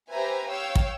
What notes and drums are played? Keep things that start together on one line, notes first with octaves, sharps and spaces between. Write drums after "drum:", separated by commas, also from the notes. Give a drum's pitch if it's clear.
G4 B4 C5 E5 G#5 A#5
C#5 F5 G5 E6
drum: kick